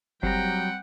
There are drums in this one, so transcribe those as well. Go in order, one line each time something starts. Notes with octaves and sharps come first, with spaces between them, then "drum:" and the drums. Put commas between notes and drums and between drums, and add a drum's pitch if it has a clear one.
F#3 G3 C4 F#5 G5 A#5, drum: kick F#1